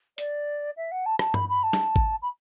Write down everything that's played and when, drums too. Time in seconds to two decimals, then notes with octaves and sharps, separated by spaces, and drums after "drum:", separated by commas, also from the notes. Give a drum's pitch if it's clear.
0.18 D5, drum: hi-hat
0.77 E5
0.91 F#5
1.06 A5
1.19 A5, drum: rim click
1.34 B5, drum: tom G2
1.49 B5
1.63 A5
1.73 drum: snare
1.96 drum: kick G#1
2.22 B5